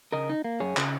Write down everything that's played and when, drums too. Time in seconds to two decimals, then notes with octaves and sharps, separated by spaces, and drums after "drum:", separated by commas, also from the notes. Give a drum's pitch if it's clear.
0.12 C#3 A#4 D#5
0.30 D#4
0.44 A#3
0.60 F#2 G#4 C#5
0.77 C#3, drum: clap